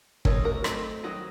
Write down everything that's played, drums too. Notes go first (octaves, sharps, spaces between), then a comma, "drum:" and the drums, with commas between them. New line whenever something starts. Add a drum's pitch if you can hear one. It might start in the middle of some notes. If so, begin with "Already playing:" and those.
A3 C4 D#4 A#4 C#5, drum: kick
F#4 A#4
F#3 A3 C4 D#4, drum: rim click
D#3 F#3 C4 D#4 F#4